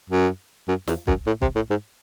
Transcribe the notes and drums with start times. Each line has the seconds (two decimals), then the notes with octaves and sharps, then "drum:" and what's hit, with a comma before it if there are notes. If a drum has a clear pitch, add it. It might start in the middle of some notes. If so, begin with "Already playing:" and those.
0.10 F#2
0.68 F#2
0.87 E2, drum: snare
1.07 F#2, drum: kick B1
1.27 A2
1.42 C3, drum: kick B1
1.55 A2
1.70 G#2